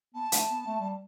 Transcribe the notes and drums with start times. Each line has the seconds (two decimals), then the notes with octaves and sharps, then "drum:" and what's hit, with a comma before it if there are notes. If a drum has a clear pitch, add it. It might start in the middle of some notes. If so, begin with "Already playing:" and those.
0.14 B3 A5
0.32 A3, drum: hi-hat
0.50 B3
0.66 A3
0.80 G3